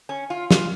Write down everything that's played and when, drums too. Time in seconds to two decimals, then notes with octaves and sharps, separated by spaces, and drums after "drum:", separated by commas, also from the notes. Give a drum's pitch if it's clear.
0.09 C#4
0.30 F4
0.51 F4, drum: snare